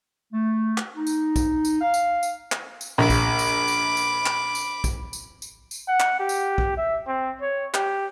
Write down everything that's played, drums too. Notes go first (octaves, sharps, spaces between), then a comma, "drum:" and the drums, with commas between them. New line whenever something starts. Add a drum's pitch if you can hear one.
A3
drum: clap
D#4
drum: tambourine
drum: kick, tambourine
drum: tambourine
F5
drum: tambourine
drum: tambourine
drum: clap
drum: tambourine
A#1 B5 D6
drum: kick, tambourine
drum: tambourine
drum: tambourine
drum: tambourine
drum: clap
drum: tambourine
drum: kick, tambourine
drum: tambourine
drum: tambourine
drum: tambourine
F#5
drum: clap
G4
drum: tambourine
drum: kick
E5
C4
C#5
G4, drum: clap